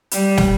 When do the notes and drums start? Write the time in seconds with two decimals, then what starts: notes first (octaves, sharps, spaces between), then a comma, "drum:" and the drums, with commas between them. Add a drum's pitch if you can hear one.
0.11 G3, drum: hi-hat
0.38 drum: snare